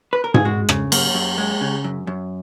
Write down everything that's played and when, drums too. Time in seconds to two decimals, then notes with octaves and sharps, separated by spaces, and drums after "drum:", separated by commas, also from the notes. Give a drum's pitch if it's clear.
0.13 B4
0.24 A#4
0.34 G#4, drum: tom G#2
0.45 G#3 F#4
0.69 C#3, drum: rim click
0.92 F#2 A#3, drum: cymbal
1.14 F#2
1.38 G#3
1.61 C#3
1.84 F#2
2.07 F#2